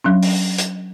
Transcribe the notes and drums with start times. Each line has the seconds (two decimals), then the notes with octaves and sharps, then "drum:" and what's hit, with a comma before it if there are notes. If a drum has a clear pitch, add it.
0.04 F#3 C#4 D4
0.22 drum: open hi-hat
0.58 drum: hi-hat